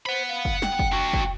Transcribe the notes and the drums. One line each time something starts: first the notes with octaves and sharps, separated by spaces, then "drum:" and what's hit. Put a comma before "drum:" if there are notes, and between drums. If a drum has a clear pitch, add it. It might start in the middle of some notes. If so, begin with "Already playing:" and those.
C5 F#5 B5
F5
drum: kick
G5, drum: snare
drum: kick
D4 F#4
drum: kick